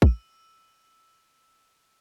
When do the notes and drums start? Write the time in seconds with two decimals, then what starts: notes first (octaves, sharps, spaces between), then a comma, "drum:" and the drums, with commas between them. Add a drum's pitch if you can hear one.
0.02 E6 D#7, drum: kick